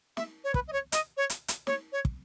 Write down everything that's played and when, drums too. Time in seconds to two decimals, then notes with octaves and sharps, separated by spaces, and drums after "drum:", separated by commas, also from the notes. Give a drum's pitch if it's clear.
0.17 E5, drum: snare
0.44 C#5
0.54 B4, drum: kick
0.68 D#5
0.73 C#5
0.92 D#5, drum: hi-hat
1.17 C#5
1.30 drum: hi-hat
1.48 drum: hi-hat
1.67 C#5, drum: snare
1.92 C#5
2.05 drum: kick